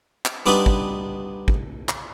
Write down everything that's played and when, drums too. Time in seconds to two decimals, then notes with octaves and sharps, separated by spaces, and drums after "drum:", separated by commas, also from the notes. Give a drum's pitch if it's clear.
0.25 drum: clap
0.46 G3 B3 D4 D#4 F4 B4
0.66 drum: kick
1.48 drum: kick
1.89 drum: clap